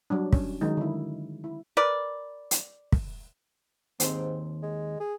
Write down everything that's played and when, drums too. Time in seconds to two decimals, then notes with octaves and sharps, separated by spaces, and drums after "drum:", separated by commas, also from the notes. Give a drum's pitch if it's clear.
0.10 F#3 G3 D4
0.33 C#4, drum: kick
0.61 D#3 F#3 G#3 D#4
0.77 D3 E4
1.44 E4
1.77 A#4 B4 D5
2.51 drum: hi-hat
2.92 drum: kick
4.00 D#2 G#2 C4, drum: hi-hat
4.63 G#3
5.00 G#4